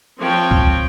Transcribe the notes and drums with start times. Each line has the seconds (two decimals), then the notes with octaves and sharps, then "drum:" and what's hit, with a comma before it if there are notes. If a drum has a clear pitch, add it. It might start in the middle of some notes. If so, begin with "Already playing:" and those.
0.20 F3 C4 C#5 G5
0.51 drum: kick